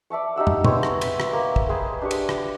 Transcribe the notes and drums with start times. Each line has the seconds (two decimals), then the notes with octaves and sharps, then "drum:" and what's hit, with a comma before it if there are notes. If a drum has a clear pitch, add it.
0.10 D5 E5 A5 C#6
0.36 D#4 G4 E5 F#5
0.47 drum: tom
0.65 G#3 B3 C4 C#5, drum: tom
0.83 drum: rim click
1.01 drum: cymbal
1.20 drum: rim click
1.33 A#3
1.56 drum: kick
1.69 G#4 B4 C5 G5
2.02 D4 G4 C#6
2.11 drum: cymbal
2.29 drum: rim click